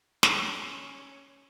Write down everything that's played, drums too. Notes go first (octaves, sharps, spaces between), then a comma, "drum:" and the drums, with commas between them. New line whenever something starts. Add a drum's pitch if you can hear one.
C#4 A#5, drum: snare